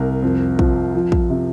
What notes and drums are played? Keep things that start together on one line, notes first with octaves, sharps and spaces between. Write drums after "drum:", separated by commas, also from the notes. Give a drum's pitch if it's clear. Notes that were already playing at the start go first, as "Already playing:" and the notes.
Already playing: C2 A#4
F2
F3, drum: kick
F3
drum: kick
C3